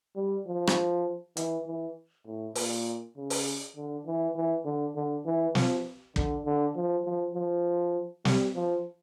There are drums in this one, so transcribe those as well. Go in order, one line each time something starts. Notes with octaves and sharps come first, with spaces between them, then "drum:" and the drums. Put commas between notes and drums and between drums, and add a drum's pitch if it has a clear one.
G3
F3
drum: rim click
E3, drum: hi-hat
E3
A2
A#2, drum: open hi-hat
C#3
drum: open hi-hat
D3
E3
E3
D3
D3
E3
F3, drum: snare
D3, drum: kick
D3
F3
F3
F3
G3, drum: snare
F3